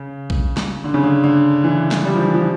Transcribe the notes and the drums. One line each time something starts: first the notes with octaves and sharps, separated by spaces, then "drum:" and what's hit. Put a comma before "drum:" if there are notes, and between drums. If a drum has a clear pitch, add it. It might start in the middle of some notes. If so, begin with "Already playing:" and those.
Already playing: C#3
drum: kick A#1
drum: snare
D3
C#3
D3
D3
E3
drum: snare
G3
F3
E3
F3